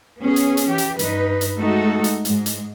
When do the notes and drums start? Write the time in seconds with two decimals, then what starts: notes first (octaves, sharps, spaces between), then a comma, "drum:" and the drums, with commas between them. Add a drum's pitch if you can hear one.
0.20 B3 C#4 G#4
0.36 drum: hi-hat
0.57 drum: hi-hat
0.68 E3 G4
0.78 drum: hi-hat
0.99 G2 D#4 B4, drum: hi-hat
1.41 drum: hi-hat
1.58 G#3 A3 D#4 F#4 A4
2.04 drum: hi-hat
2.25 G#2 G#3, drum: hi-hat
2.46 drum: hi-hat